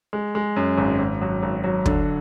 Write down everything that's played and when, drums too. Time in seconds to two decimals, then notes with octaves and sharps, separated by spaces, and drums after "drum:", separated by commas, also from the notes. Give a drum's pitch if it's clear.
0.13 G#3
0.35 G#3
0.56 F#2
0.78 G#1
0.99 G#1
1.21 F#3
1.43 G#1
1.64 F#3
1.86 D3, drum: kick